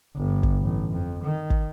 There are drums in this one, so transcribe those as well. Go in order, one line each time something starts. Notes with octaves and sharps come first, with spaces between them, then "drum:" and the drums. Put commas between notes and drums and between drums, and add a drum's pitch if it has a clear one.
G1
drum: kick
A1
F2
D#3
drum: kick